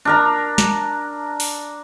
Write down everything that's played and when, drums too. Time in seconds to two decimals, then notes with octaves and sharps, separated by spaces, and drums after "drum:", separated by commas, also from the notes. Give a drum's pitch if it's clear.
0.05 D4 A#4 A#5
0.58 drum: snare
1.40 drum: open hi-hat